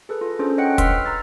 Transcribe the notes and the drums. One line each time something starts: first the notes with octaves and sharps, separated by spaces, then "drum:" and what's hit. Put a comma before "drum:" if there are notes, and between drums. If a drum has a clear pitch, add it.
G#4 A4 B4
F4
C#4 D4 F4 G#4 A4 C5
C#5 D#5 F#5 G5 F#6 C#7
B4 C6 E6 F6 B6, drum: kick, hi-hat
A#5 E6 A6